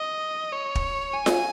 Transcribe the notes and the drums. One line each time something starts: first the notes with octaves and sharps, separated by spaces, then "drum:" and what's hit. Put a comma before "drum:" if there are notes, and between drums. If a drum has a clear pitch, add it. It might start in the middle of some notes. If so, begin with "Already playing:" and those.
Already playing: D#5
C#5
drum: kick
G#5
drum: snare F4